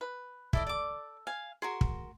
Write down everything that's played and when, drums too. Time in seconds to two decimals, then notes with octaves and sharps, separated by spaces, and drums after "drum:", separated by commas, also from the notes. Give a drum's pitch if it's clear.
0.01 B4
0.53 E4 A4 D5 D#5, drum: kick
0.67 D5 D6
1.27 F5 G#5
1.62 F#4 G#4 A#4 C6
1.81 drum: kick